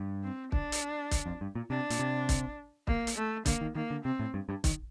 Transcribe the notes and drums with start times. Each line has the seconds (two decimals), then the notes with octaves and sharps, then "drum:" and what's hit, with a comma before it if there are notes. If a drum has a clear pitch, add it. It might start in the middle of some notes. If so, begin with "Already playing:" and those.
Already playing: G2
0.24 C4
0.52 D4, drum: kick
0.72 drum: hi-hat
1.11 drum: kick, hi-hat
1.26 F2
1.41 G2
1.55 A#2
1.70 C3 D4
1.90 A#2, drum: hi-hat
2.00 C3
2.29 drum: kick, hi-hat
2.87 A#3, drum: kick
3.07 drum: hi-hat
3.17 A3
3.46 D3 A#3, drum: kick, hi-hat
3.61 D#3
3.75 D#3 A#3
3.91 D3
4.05 C3 C4
4.19 A2
4.34 G2
4.49 G2
4.64 D#3, drum: kick, hi-hat